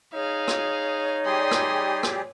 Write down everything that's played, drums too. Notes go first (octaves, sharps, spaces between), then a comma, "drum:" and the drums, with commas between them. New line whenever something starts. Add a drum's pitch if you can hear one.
D#4 G#4 C#5 F5
drum: rim click
G3 G4 G#4 C6 D#6
drum: rim click
drum: rim click